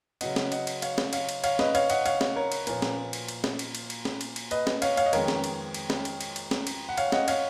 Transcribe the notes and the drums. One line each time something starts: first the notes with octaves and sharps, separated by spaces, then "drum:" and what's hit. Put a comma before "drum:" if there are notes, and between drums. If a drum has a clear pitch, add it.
C#3 F#3 B3 D#5 F#5, drum: cymbal
drum: snare
D#5 F#5, drum: cymbal
drum: cymbal
C#5 F5, drum: cymbal
drum: snare
C#5 F5, drum: cymbal
drum: cymbal
C#5 F5, drum: cymbal
B4 D#5, drum: snare
C#5 F5, drum: cymbal
D#5 F#5, drum: cymbal
C#5 F5, drum: cymbal
drum: snare
A#4 C#5
drum: cymbal
A#2 F3 B3 A#4 C#5, drum: cymbal
drum: snare
drum: cymbal
drum: cymbal
drum: snare
drum: cymbal
drum: cymbal
drum: cymbal
drum: snare
drum: cymbal
drum: cymbal
B4 D#5, drum: cymbal
drum: snare
C#5 F5, drum: cymbal
C#5 F5, drum: cymbal
D#5
F2 D#3 G#3 B3 A#4 C#5, drum: cymbal
drum: snare
drum: cymbal
drum: cymbal
drum: snare
drum: cymbal
drum: cymbal
drum: cymbal
drum: snare
drum: cymbal
F#5
C#5 F5, drum: cymbal
D#5 F#5, drum: snare
C#5 F5, drum: cymbal